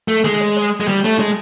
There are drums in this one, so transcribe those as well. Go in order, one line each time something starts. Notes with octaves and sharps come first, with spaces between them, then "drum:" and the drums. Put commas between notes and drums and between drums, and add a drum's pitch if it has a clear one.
A3
G#3, drum: snare
drum: hi-hat
drum: hi-hat
G#3
G3, drum: snare
A3, drum: hi-hat
G#3, drum: hi-hat